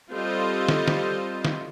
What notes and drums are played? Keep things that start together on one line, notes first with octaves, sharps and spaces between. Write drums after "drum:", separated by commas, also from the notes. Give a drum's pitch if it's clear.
G3 C4 F4 A4 C5 D#5
drum: snare
drum: snare
drum: snare